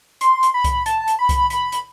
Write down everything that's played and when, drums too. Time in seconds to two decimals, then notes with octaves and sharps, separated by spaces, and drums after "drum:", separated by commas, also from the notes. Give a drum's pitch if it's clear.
0.21 C6, drum: hi-hat
0.43 drum: hi-hat
0.54 B5
0.64 drum: kick C2, hi-hat
0.86 A5, drum: hi-hat
1.08 drum: hi-hat
1.19 B5
1.29 drum: kick C2, hi-hat
1.50 B5, drum: hi-hat
1.72 drum: hi-hat